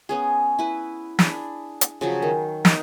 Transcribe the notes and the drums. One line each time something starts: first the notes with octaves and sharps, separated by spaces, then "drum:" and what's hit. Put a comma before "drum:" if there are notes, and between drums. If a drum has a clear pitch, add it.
B3 C#4 G#4
E4 B4
D4 G#4 B5, drum: snare
drum: hi-hat
C#3 F3 F#3
D#3
D#4, drum: snare